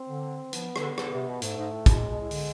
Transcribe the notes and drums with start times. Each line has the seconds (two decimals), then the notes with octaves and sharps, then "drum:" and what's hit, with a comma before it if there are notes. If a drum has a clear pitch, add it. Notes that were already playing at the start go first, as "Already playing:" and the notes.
Already playing: C4
0.09 D3
0.53 F3 B3, drum: hi-hat
0.76 D3, drum: rim click
0.98 D3, drum: rim click
1.13 C3
1.28 B2
1.42 G#2 A3, drum: hi-hat
1.57 G#2
1.72 A2
1.86 B2 G#3, drum: kick, hi-hat
1.98 A2
2.09 B2
2.20 A2
2.31 D3, drum: open hi-hat